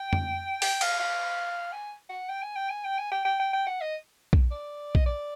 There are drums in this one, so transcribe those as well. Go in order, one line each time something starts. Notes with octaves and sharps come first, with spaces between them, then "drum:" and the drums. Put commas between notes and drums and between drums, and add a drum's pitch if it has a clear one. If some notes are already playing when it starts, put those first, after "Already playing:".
Already playing: G5
drum: tom F2
G5, drum: open hi-hat
F5, drum: cymbal
F5
G#5
F#5
G5
G#5
G5
G#5
G5
G#5
G5
G5
G5
G5
F#5
D#5
drum: kick
D5
D#5, drum: kick
D5